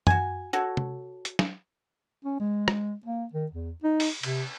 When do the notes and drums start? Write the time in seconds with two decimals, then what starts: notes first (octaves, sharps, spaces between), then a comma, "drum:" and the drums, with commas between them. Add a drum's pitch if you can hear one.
0.07 F#4 G#5, drum: tom
0.53 F#4 A4 C#5
0.77 drum: tom C3
1.25 drum: hi-hat
1.39 drum: snare
2.24 C#4
2.40 G#3
2.68 drum: rim click
3.05 A#3
3.33 D#3
3.51 E2
3.84 D#4
4.00 drum: open hi-hat
4.23 C3, drum: cymbal